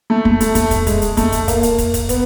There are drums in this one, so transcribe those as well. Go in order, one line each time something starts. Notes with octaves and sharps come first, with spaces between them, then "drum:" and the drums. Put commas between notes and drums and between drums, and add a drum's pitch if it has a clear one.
A3
A3, drum: kick
A3, drum: hi-hat
A3, drum: kick, hi-hat
drum: kick, hi-hat
G#3, drum: kick, hi-hat
drum: hi-hat
A3, drum: kick, hi-hat
drum: kick, hi-hat
A#3, drum: kick, hi-hat
drum: hi-hat
drum: kick, hi-hat
drum: kick, hi-hat
B3, drum: kick, hi-hat